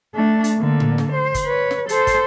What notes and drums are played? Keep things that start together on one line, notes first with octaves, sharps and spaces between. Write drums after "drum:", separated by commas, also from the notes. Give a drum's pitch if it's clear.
A3 D4
drum: hi-hat
D3 A#3
drum: tom A2
drum: snare
C5
drum: kick, hi-hat
B4 C#5
drum: snare
A4 C5, drum: hi-hat
drum: kick, hi-hat